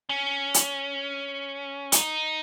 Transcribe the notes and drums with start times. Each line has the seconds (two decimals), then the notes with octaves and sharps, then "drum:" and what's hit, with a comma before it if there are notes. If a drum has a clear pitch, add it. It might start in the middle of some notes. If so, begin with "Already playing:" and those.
0.09 C#4
0.54 drum: hi-hat
1.92 D#4, drum: hi-hat